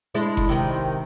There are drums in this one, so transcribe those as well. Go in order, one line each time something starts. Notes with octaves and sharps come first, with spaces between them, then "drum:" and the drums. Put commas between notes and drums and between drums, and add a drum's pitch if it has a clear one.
G#3 D4 E4
drum: kick F#1
C3 D#3